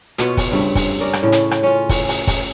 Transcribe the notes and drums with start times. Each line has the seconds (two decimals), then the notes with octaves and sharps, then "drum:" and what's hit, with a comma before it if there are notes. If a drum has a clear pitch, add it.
0.18 B2 B3 F4 C#5, drum: hi-hat
0.37 drum: kick, open hi-hat
0.52 G2 C#3 A3 C4
0.75 drum: kick, open hi-hat
1.00 C#4 A#4 D5
1.13 drum: rim click
1.23 A2 C#3
1.32 drum: hi-hat
1.51 drum: rim click
1.63 C#4 F4
1.89 drum: kick, open hi-hat
2.08 drum: open hi-hat
2.27 drum: kick, open hi-hat